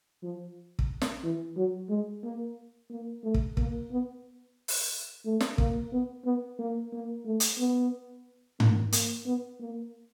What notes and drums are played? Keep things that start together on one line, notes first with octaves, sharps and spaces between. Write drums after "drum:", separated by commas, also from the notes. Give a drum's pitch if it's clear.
F3
drum: kick
drum: snare
E3
F#3
G#3
A#3
A#3
A3
drum: kick
A#3, drum: kick
B3
drum: open hi-hat
A3
drum: snare
A#3, drum: kick
B3
B3
A#3
A#3
A3
drum: hi-hat
B3
A#3, drum: tom G#2
A#3, drum: hi-hat
B3
A#3